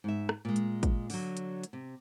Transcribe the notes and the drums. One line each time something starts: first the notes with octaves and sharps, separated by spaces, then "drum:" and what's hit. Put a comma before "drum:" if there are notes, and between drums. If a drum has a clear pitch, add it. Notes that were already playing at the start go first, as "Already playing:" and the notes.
G#2 E5
drum: rim click
A#2 G#3
drum: hi-hat
drum: kick, hi-hat
D3 F#3, drum: open hi-hat
drum: hi-hat
drum: hi-hat
C3